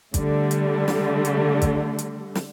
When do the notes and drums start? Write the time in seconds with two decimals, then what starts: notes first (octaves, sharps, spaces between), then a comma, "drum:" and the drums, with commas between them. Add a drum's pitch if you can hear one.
0.14 D3 G3 A3, drum: kick, hi-hat
0.51 drum: hi-hat
0.88 drum: snare
1.25 drum: hi-hat
1.62 drum: kick, hi-hat
1.98 drum: hi-hat
2.35 drum: snare